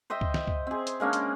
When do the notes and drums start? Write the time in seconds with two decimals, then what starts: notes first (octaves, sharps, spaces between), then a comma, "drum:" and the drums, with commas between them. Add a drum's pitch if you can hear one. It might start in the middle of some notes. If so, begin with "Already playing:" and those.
0.10 C5 D#5 E5 G5
0.21 drum: kick
0.34 drum: snare
0.47 drum: kick
0.67 C4 G#4
0.87 drum: hi-hat
1.00 G#3 A#3 C#4 D4
1.13 drum: hi-hat